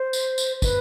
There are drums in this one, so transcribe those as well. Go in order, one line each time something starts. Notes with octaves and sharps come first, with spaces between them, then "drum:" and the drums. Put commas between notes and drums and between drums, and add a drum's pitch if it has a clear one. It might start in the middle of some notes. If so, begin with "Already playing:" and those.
Already playing: C5
drum: tambourine
drum: tambourine
B4, drum: kick, tambourine